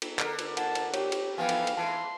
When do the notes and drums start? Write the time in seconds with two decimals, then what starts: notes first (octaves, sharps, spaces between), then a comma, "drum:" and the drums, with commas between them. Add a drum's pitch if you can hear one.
0.02 drum: cymbal
0.19 D3 A#4, drum: clap
0.39 drum: cymbal
0.57 F#5 A5, drum: cymbal
0.75 drum: cymbal
0.94 G4 C#5, drum: cymbal
1.12 drum: cymbal
1.38 E3 F3 B3 F5 G5 G#5
1.49 drum: cymbal
1.67 drum: cymbal
1.77 E3 A5 C6